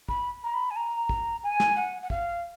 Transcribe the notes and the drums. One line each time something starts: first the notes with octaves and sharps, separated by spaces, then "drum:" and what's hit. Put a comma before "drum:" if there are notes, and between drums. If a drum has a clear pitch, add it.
B5, drum: kick
A#5
B5
G#5
A#5
drum: kick
G#5
drum: snare
F#5
F#5
F5, drum: kick